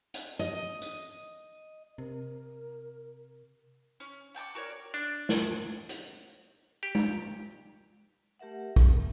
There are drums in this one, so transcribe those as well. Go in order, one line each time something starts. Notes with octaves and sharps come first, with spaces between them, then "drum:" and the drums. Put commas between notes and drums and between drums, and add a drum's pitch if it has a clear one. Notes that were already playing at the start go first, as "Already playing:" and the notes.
drum: hi-hat
D#5, drum: hi-hat
drum: hi-hat
C3 A#4
C#4
F#5 G5 A5 D6
F#4 A#4 C#5 D5
D4
drum: snare
drum: hi-hat
G4
drum: tom G#3
A3 G4 A#4 E5 F#5
C#4, drum: kick